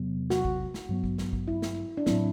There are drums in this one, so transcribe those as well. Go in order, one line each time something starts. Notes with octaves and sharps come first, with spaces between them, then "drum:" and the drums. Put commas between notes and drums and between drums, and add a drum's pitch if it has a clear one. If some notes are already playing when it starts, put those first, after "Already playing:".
Already playing: E2 C3 F#3 B3
F#4, drum: snare
drum: kick
drum: snare
G2 F#3 B3
drum: kick
drum: snare
drum: kick
E4
drum: snare
D4
A2 F#3 C4 E4, drum: snare